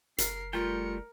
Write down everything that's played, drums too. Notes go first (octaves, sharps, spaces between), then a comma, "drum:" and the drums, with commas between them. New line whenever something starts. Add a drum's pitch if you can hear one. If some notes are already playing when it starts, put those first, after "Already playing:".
F#1 A#4 C7, drum: hi-hat
G3 A3 F4 A#4 G5 C#7